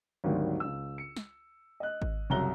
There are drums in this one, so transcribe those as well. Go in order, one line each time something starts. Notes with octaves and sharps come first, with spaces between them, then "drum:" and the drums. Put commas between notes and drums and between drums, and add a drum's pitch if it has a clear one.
G#1 D2 D#3 F#3 G3
C#2 E6
C#7
drum: snare
D#5 F#6
drum: kick G#1
C2 F#2 C#3 A#5 F#6 G7